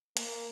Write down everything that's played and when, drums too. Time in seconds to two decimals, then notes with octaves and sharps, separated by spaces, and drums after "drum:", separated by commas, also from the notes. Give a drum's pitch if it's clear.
0.17 A#3, drum: hi-hat